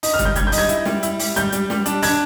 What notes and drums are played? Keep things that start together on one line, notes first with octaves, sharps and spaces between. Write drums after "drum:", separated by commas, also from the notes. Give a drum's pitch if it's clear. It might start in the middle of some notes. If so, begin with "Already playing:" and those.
D#4, drum: open hi-hat
F6
G3, drum: kick, hi-hat
G6
G3 G#6, drum: kick, hi-hat
G6
D#4, drum: open hi-hat
G#6
E4, drum: hi-hat
G3, drum: snare
E4, drum: hi-hat
G3, drum: open hi-hat
G3 G6, drum: hi-hat
G3, drum: hi-hat
G3, drum: snare
D4, drum: hi-hat
D4 G#6, drum: open hi-hat